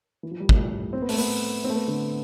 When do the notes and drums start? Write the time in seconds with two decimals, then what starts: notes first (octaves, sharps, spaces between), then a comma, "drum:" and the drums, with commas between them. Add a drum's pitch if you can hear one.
0.23 E3
0.31 F3
0.40 G3
0.49 A3, drum: kick
0.93 C4
1.02 B3
1.09 A3, drum: open hi-hat
1.18 B3
1.64 C4
1.70 A3
1.75 B3
1.88 D3